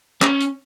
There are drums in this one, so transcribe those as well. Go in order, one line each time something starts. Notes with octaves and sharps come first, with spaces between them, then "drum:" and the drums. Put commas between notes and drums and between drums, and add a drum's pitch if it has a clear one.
C#4, drum: clap
drum: hi-hat